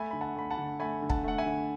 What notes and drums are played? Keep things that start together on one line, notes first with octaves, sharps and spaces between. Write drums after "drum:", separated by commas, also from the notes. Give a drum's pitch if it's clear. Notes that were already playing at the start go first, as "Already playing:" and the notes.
Already playing: A3 G#5 B5
D3 B5
F#5 A5
A3 B5
F#5 A5
D3
A3 G#5 B5
D3
F#5 A5, drum: kick
A3 F#5
E5 G#5
D3